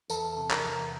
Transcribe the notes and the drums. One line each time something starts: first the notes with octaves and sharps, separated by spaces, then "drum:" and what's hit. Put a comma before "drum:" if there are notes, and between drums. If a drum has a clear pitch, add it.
E2 A4, drum: tambourine
C3
A#4, drum: clap
E2